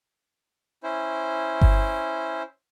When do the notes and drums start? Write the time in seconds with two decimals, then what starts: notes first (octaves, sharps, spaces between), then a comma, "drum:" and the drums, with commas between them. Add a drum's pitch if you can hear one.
0.83 C#4 E4 C5
1.61 drum: kick G1